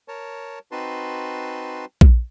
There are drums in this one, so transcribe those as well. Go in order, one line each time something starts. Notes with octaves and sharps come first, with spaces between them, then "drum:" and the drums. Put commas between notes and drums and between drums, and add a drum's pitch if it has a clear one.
A#4 C#5 A5
C4 D#4 F#4 B4 A5 C6
drum: kick A#1